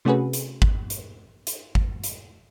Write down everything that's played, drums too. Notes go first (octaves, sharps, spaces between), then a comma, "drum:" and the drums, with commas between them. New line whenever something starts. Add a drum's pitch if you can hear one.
C3 A3 C#4 F#4 G#4 B4
drum: hi-hat
drum: kick G#1
drum: hi-hat
drum: hi-hat
drum: kick G#1
drum: hi-hat